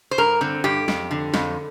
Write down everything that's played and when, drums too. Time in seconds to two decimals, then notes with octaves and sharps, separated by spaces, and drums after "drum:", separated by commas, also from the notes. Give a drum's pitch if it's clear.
0.11 C5
0.18 G2 A#4
0.41 D3 C4
0.64 G2 G4
0.88 F2, drum: snare
1.11 D3
1.34 F2, drum: snare